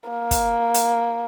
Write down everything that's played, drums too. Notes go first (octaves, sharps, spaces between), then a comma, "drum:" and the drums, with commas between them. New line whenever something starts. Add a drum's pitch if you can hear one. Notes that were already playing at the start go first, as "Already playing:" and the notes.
A#3
drum: kick, hi-hat
drum: hi-hat